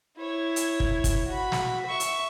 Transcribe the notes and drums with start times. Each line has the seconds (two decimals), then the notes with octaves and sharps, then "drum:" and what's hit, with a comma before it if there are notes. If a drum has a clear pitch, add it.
0.17 E4 C#5
0.56 drum: hi-hat
0.80 drum: kick
1.04 drum: kick, hi-hat
1.28 F#4 B5
1.52 drum: snare
1.86 E5 C#6
2.00 drum: hi-hat